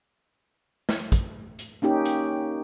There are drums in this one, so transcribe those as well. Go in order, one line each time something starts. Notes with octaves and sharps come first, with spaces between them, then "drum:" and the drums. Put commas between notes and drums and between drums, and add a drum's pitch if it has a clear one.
drum: snare
drum: kick, hi-hat
drum: hi-hat
A#3 C#4 D#4 G4
drum: hi-hat